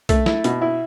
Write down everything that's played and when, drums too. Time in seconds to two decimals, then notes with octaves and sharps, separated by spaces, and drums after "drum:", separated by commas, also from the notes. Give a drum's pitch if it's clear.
0.09 A3, drum: kick B1, hi-hat
0.26 E4, drum: snare
0.44 B2, drum: hi-hat
0.61 E4